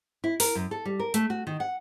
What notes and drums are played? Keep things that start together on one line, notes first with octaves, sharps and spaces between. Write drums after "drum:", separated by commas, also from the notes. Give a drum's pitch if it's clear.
E4
A#4, drum: open hi-hat
F#2
A4
G3
A#4
A3, drum: hi-hat
F#4
D#3
F#5